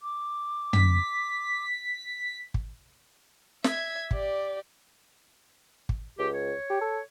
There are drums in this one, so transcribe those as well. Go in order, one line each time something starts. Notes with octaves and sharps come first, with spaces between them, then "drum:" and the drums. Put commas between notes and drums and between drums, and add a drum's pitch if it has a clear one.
D6
B6, drum: tom
drum: kick
E5 G#6, drum: snare
G4 D5, drum: kick
drum: kick
C#2 G4
C#5
G4
A4